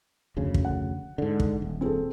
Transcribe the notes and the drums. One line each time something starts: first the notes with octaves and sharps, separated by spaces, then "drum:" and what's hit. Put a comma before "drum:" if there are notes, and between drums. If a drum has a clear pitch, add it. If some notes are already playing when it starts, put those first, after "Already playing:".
F1 D2 C#3
drum: kick
F#5
G#2 D3
drum: kick
D#1
C4 G#4 A4